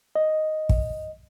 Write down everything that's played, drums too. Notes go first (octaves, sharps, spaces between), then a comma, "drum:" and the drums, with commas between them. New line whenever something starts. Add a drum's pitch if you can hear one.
D#5
drum: kick